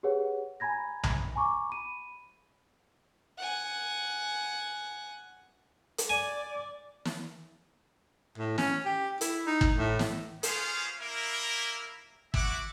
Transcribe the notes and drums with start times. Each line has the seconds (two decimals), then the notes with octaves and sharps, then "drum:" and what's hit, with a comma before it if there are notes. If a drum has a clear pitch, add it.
0.03 G4 G#4 B4 C#5 F#5
0.60 G#5 A#5 B5 G#6 A#6
1.03 drum: tom B1
1.36 G#5 A#5 C#6 D6
1.69 B5 D#7
3.38 F#5 G#5
5.98 drum: hi-hat
6.09 D5 G#5
7.05 drum: snare
8.38 A2
8.58 C#4, drum: snare
8.85 G4
9.21 E4, drum: hi-hat
9.46 D#4
9.61 drum: kick
9.76 A2
9.99 drum: snare
10.43 B3 C#4 F4 G#4 C5 F5, drum: hi-hat
11.00 A#3 E4 A#4
12.34 E4 F#4 E5 F#5 D6, drum: kick